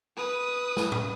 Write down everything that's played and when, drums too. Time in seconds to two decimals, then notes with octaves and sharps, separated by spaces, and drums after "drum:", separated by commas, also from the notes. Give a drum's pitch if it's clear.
0.17 B4 D#6
0.77 drum: snare
0.92 drum: tom A2